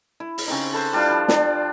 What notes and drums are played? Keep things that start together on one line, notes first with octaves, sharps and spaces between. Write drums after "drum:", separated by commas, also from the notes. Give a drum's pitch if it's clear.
E4
drum: open hi-hat
C#3 C4 D#4
A4 B4 C5
G3 D4 E4 F4
F3
D4 D5 G5, drum: snare